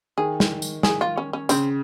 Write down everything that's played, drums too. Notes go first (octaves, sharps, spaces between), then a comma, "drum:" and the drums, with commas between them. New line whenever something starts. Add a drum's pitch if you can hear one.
D#3 G#4
drum: snare
drum: tambourine
G#4, drum: snare
F4
C#4
C#4
C#3 C4, drum: tambourine